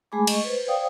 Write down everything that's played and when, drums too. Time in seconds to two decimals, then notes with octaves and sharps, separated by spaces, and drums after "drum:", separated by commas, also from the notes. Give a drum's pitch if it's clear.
0.12 G#3 A3 G#4 G#5 B5 D6
0.27 D#5 C#6, drum: cymbal
0.44 B4 C5
0.67 C5 D5 F5 G5 D#6